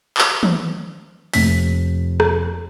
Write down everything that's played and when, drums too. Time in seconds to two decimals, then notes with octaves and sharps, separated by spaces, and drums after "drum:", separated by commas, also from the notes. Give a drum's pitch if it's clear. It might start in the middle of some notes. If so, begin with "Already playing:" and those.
0.18 drum: clap
0.43 drum: tom
1.34 F1 B6, drum: open hi-hat
2.20 drum: rim click